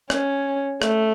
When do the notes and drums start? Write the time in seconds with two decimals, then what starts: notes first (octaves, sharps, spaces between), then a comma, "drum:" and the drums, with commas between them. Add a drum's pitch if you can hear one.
0.10 C#4, drum: rim click
0.82 A3, drum: rim click